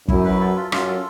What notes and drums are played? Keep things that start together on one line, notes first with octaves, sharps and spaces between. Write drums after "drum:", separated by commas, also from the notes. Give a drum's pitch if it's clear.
F#2 E4, drum: kick
B4
A4
F4
F#2 F4, drum: rim click
A4